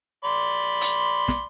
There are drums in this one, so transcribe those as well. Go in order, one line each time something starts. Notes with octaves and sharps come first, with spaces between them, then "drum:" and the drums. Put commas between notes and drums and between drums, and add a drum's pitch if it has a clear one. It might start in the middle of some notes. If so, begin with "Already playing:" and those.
D5 B5 C6
drum: hi-hat
drum: snare